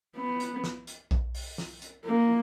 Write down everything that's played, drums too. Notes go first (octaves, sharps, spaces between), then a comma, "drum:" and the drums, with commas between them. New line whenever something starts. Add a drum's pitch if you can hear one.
B3
drum: hi-hat
drum: snare
drum: hi-hat
drum: kick A#1
drum: open hi-hat
drum: snare
drum: hi-hat
A#3